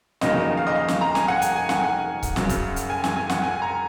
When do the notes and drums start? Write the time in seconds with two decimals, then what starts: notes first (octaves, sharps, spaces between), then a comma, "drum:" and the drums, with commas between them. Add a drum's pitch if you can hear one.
0.21 F1 D#2 C#3 F#3 A#3 D#5, drum: snare
0.40 D#5
0.57 F5
0.67 D#5
0.75 F5
0.88 drum: snare
1.01 A#5
1.15 G#5, drum: snare
1.28 F#5
1.42 G#5, drum: hi-hat
1.56 G#5
1.69 F#5, drum: snare
1.76 G#5
1.83 F#5
2.23 drum: kick C#1, hi-hat
2.36 F#2 C#3 F#3, drum: snare
2.49 drum: kick C#1, hi-hat
2.76 drum: hi-hat
2.90 G#5
3.04 G#5, drum: snare
3.16 G#5
3.30 F#5, drum: snare
3.44 G#5
3.62 A#5